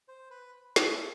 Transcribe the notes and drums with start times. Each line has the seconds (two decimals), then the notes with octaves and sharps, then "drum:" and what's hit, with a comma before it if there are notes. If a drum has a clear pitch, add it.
0.08 C5
0.30 B4
0.76 A3 C#4 F4 G#4, drum: snare